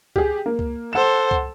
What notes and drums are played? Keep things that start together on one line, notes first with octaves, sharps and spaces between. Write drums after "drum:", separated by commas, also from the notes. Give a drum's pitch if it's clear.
G4 G#4, drum: kick C#2
A#3
drum: kick C#2
A4 C5 F#5 E7
drum: kick C#2